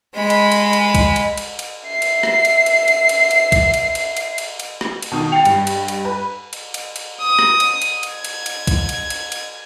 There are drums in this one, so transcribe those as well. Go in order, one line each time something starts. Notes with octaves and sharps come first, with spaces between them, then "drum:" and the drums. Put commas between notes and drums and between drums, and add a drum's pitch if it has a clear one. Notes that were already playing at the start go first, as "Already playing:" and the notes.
G#3 B5
drum: cymbal
drum: cymbal
drum: cymbal
drum: kick C2, cymbal
drum: cymbal
drum: cymbal
drum: cymbal
E5 C7
drum: cymbal
drum: rim click
drum: cymbal
drum: cymbal
drum: cymbal
drum: cymbal
drum: cymbal
drum: kick C2, cymbal
drum: cymbal
drum: cymbal
drum: cymbal
drum: cymbal
drum: cymbal
drum: rim click
drum: cymbal
B2 D#3 A5 D#6
G5 A6 C7 F7
G2, drum: cymbal
drum: cymbal
drum: cymbal
B4
drum: cymbal
drum: cymbal
drum: cymbal
D#6
drum: rim click
drum: cymbal
drum: cymbal
drum: cymbal
G#6
drum: cymbal
drum: cymbal
drum: kick C2, cymbal
drum: cymbal
drum: cymbal
drum: cymbal